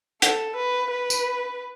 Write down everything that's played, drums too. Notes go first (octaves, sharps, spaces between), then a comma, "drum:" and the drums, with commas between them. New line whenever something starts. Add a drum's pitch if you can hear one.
A4, drum: hi-hat
B4
B4
drum: tambourine